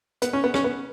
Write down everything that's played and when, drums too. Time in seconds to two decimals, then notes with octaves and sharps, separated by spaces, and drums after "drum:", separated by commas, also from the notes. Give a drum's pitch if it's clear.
0.22 B3, drum: hi-hat
0.33 C#4
0.44 B3
0.54 C#4, drum: rim click
0.64 B3